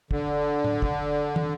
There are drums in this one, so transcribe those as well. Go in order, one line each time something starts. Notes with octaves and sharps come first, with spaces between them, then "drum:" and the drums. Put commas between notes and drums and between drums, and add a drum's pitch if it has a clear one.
D3, drum: kick
drum: tom A2
drum: kick
drum: tom